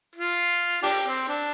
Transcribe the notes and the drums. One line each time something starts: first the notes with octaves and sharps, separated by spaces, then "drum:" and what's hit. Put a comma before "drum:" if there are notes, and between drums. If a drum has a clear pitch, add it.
F4
D4 G4, drum: open hi-hat
C4
D4